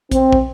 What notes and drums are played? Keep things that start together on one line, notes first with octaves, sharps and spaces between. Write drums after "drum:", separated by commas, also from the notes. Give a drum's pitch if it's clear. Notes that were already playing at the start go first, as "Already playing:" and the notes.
C4, drum: kick, hi-hat
drum: kick